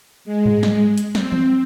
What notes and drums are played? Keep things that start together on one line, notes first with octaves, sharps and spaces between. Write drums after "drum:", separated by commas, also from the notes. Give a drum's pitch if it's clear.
G#3
drum: tom G#2
drum: snare
drum: hi-hat
C4, drum: snare
drum: tom E3